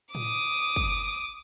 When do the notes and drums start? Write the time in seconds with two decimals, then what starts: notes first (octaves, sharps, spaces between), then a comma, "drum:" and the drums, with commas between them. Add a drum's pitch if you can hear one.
0.15 D6 D#6, drum: tom A2
0.76 drum: kick